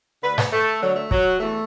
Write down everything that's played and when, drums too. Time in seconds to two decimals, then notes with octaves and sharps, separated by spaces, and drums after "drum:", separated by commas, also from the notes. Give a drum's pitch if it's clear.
0.23 D2 D3 B4
0.38 B3, drum: snare G#2
0.52 A3
0.81 D2 D3 F#3
0.96 A3
1.11 F#3, drum: kick
1.40 E2 E3 A3